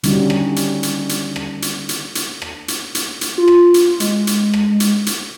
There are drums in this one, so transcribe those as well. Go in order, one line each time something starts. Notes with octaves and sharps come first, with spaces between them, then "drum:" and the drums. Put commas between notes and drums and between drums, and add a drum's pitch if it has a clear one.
D3 G3 C#4 D#4 F#4, drum: hi-hat
drum: rim click
drum: hi-hat
drum: hi-hat
drum: hi-hat
drum: rim click
drum: hi-hat
drum: hi-hat
drum: hi-hat
drum: rim click
drum: hi-hat
drum: hi-hat
drum: hi-hat
F4
drum: rim click
drum: hi-hat
G#3, drum: hi-hat
drum: hi-hat
drum: rim click
drum: hi-hat
drum: hi-hat